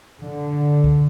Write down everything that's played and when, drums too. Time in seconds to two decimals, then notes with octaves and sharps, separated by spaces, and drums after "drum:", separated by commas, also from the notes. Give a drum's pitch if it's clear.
0.20 D3
0.84 drum: kick C2